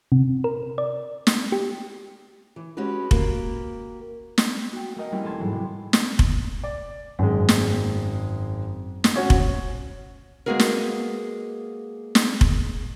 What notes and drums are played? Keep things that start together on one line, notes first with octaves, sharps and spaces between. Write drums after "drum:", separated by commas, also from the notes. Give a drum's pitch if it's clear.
C3
A#4
D5
drum: snare
G4
E3
G#3 C#4 F#4 G4 B4
A#3 F#4 G4 A#4, drum: kick F1
drum: snare
F#4 G5
A3 F#4 A#4 D#5 G5
G3 A3 A#3 C4 C#4 E4
E1 A4 A5 C6 G#6
G#2 E3 F#3
G#2 C3
drum: snare
drum: kick F1
D5
G#1 F#2 G#3
drum: snare
drum: snare
C#4 F#4
drum: kick F1
G#3 A#3 B3 F#4 G#4 A#4
drum: snare
drum: snare
drum: kick F1